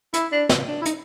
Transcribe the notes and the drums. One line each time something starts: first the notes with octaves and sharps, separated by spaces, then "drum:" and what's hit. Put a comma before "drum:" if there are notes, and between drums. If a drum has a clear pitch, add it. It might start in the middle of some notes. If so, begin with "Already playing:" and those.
E4, drum: hi-hat
D4
drum: snare
D4
E4
D#4, drum: hi-hat